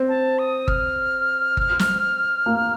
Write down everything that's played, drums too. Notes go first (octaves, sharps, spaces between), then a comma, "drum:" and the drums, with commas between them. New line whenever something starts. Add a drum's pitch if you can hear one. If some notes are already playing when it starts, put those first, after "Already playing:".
Already playing: C4
A5
D#6
F6, drum: kick G1
drum: kick G1
drum: snare
A#3